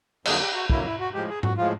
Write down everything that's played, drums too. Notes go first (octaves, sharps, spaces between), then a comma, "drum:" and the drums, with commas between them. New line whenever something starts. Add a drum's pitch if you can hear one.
F2 D3 F#3 A#3 G#4, drum: cymbal
G4
F#4
F2 D3 F#3 A#3 E4, drum: kick
E4
F#4
A2 F3 G#3 G4
G#4
F#4, drum: tom G#2
A2 F3 G#3 F4